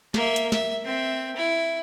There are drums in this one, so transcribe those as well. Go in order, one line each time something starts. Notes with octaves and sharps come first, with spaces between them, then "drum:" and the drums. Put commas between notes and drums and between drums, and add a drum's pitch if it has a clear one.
A#3 E5, drum: snare
drum: hi-hat
E5, drum: snare
C4 E5
E4